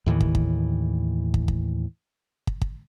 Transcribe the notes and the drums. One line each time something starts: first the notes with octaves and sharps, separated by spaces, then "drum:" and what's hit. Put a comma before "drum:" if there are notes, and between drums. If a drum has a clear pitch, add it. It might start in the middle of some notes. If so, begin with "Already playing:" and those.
D#2 A2 D#3 E3
drum: kick
drum: kick
drum: kick
drum: kick
drum: kick
drum: kick